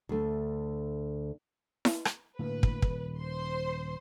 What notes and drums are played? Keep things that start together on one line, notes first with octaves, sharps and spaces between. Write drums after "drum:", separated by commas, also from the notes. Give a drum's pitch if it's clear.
D2 A3
drum: snare
drum: rim click
A2 D3 A#3 B4
drum: kick
D#1, drum: kick
C5 C6